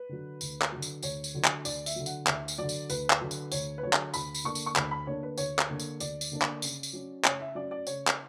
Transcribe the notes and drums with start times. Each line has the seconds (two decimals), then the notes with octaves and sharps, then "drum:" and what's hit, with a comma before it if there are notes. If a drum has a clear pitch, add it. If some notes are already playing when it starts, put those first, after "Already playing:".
Already playing: B4
0.09 D3 F#3
0.41 D2, drum: tambourine
0.62 drum: clap
0.72 D3 F#3
0.82 drum: tambourine
1.03 D2 C#5, drum: tambourine
1.24 drum: tambourine
1.34 D3 F#3
1.45 drum: clap
1.65 D2 D5, drum: tambourine
1.86 E5, drum: tambourine
1.96 D3 F#3
2.06 F#5, drum: tambourine
2.27 D2 E5, drum: clap
2.48 drum: tambourine
2.58 D3 F#3 D5
2.69 drum: tambourine
2.90 D2 B4, drum: tambourine
3.10 drum: clap
3.21 D3 F#3
3.31 drum: tambourine
3.52 D2 C#5, drum: tambourine
3.78 B4
3.83 D3 F#3 C#5
3.93 drum: clap
4.14 D2 B5, drum: tambourine
4.35 drum: tambourine
4.44 D3 A#3 D4 C#6
4.55 drum: tambourine
4.66 C#6
4.76 D2 B5, drum: clap
4.91 B5
5.07 D3 A#3 D4 C#5
5.23 B4
5.38 D2 C#5, drum: tambourine
5.59 drum: clap
5.69 D3 A#3 D4
5.80 drum: tambourine
6.00 D2 D5, drum: tambourine
6.21 drum: tambourine
6.32 D3 A#3 D4
6.42 drum: clap
6.62 C#3, drum: tambourine
6.83 drum: tambourine
6.93 F#3 C#4
7.25 C#3 C#5, drum: clap
7.40 E5
7.55 F#3 C#4 D5
7.71 D5
7.87 C#3 C#5, drum: tambourine
8.07 drum: clap